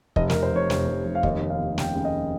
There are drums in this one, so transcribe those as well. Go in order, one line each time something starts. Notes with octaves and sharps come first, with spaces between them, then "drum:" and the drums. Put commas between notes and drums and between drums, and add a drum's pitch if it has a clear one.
F1 D#5, drum: kick
A#4, drum: snare
F1
C5
F1 C#5
F1, drum: snare
F1
F1
F5
D#2 D#5, drum: kick
D#2
F5
D#2
C#3 G5, drum: snare
C#3
D#5